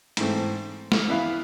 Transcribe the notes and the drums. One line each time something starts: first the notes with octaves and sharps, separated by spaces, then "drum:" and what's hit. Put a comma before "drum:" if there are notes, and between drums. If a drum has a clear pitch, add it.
G#2 E3 A3 C4, drum: hi-hat
drum: snare
E3 B3 E4 B4 F5